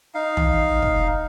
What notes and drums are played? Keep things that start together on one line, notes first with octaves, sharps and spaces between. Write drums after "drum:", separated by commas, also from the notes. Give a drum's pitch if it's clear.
D#4 F5
drum: tom
drum: kick